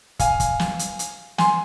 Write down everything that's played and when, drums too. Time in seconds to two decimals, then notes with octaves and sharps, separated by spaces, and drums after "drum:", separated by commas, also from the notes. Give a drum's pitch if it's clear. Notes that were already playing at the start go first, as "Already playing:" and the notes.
0.19 F5 G#5, drum: kick, hi-hat
0.40 drum: kick, hi-hat
0.60 drum: snare
0.79 drum: hi-hat
0.99 drum: hi-hat
1.38 G#5 C6, drum: snare